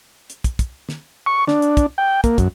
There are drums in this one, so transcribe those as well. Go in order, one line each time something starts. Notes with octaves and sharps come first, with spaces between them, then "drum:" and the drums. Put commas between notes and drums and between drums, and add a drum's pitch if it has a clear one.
drum: hi-hat
drum: kick, hi-hat
drum: kick, hi-hat
drum: snare
C#6
D4, drum: snare
drum: hi-hat
drum: kick, hi-hat
G5
A#3, drum: kick, hi-hat
F#2, drum: kick, hi-hat